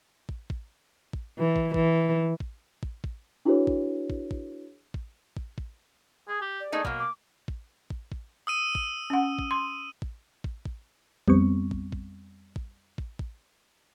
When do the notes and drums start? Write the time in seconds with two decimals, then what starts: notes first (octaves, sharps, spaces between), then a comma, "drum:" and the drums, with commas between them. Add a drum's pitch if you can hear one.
0.29 drum: kick
0.50 drum: kick
1.13 drum: kick
1.39 E3
1.56 drum: kick
1.74 E3, drum: kick
2.40 drum: kick
2.83 drum: kick
3.04 drum: kick
3.45 D4 E4 F#4 G#4 B4 C#5
3.67 drum: kick
4.10 drum: kick
4.31 drum: kick
4.94 drum: kick
5.37 drum: kick
5.58 drum: kick
6.28 G#4
6.41 G4
6.60 D5
6.72 A3 A#3 D#4 G#4
6.85 B2 F#3 A#3, drum: kick
6.99 D6
7.48 drum: kick
7.90 drum: kick
8.12 drum: kick
8.47 D#6 E6 D#7
8.75 drum: kick
9.10 C#4 F#5
9.39 drum: kick
9.51 C6
10.02 drum: kick
10.44 drum: kick
10.65 drum: kick
11.28 F2 G3 B3 C4 C#6, drum: kick
11.71 drum: kick
11.92 drum: kick
12.56 drum: kick
12.98 drum: kick
13.19 drum: kick